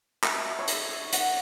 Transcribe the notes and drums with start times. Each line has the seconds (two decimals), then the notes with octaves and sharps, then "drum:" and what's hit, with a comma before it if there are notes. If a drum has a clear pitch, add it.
0.24 E5, drum: clap
0.58 C#5
0.68 drum: hi-hat
1.13 F#5, drum: hi-hat